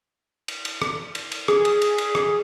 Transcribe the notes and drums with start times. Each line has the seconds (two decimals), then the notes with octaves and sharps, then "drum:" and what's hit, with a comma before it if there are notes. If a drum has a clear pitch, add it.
0.48 drum: cymbal
0.65 drum: cymbal
0.82 drum: rim click
1.15 drum: cymbal
1.32 drum: cymbal
1.48 G#4, drum: rim click
1.65 drum: cymbal
1.82 drum: cymbal
1.98 drum: cymbal
2.15 drum: rim click